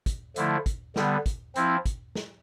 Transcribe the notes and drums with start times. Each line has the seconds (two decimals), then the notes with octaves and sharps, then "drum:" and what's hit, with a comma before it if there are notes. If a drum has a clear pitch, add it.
0.06 drum: kick, hi-hat
0.36 D3 F3 A3 E4, drum: hi-hat
0.66 drum: kick, hi-hat
0.96 D3 G3 B3, drum: snare
1.26 drum: kick, hi-hat
1.56 F3 C4 E4, drum: hi-hat
1.86 drum: kick, hi-hat
2.15 drum: snare